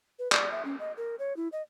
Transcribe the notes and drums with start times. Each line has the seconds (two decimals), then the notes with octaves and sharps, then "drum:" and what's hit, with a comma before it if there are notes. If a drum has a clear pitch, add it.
0.19 B4
0.32 D5, drum: clap
0.52 E5
0.65 C#4
0.80 D#5
0.97 A#4
1.19 C#5
1.37 E4
1.52 D#5